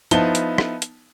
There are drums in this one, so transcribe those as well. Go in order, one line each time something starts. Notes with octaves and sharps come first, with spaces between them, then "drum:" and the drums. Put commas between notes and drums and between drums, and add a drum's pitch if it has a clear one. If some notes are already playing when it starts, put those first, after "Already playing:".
F3 B3 D#4 E4 A5 G7, drum: hi-hat
drum: hi-hat
drum: rim click
drum: hi-hat